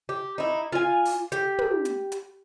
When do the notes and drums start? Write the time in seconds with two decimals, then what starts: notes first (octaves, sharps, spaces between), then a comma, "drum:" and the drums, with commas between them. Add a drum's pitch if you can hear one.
0.09 G4
0.38 D#4 E4
0.72 F4 G#5
1.05 drum: open hi-hat
1.32 G4, drum: hi-hat
1.58 drum: tom
1.85 drum: hi-hat
2.12 drum: hi-hat